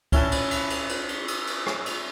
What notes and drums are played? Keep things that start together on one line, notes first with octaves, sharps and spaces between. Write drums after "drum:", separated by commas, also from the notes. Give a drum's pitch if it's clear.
C#4 E4 B4 A5, drum: kick C#2, cymbal
drum: cymbal
drum: cymbal
drum: cymbal
drum: cymbal
drum: cymbal
drum: cymbal
drum: cymbal
drum: rim click
drum: cymbal